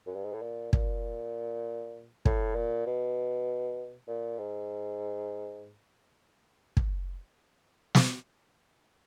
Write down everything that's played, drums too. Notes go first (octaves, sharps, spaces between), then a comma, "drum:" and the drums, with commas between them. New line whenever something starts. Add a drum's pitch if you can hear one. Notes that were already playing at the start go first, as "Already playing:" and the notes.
F#2
G2
G#2
A2
A#2
A#2, drum: kick
A2, drum: kick
A#2
B2
A#2
G#2
drum: kick
drum: snare